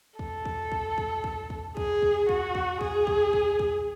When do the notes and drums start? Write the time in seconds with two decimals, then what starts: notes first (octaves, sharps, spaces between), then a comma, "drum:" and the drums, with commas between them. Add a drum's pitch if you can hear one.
0.19 A4, drum: kick
0.45 drum: kick
0.72 drum: kick
0.98 drum: kick
1.24 drum: kick
1.50 drum: kick
1.77 G#4, drum: kick
2.02 drum: kick
2.29 F#4, drum: kick
2.55 drum: kick
2.81 G#4, drum: kick
3.07 drum: kick
3.33 drum: kick
3.59 drum: kick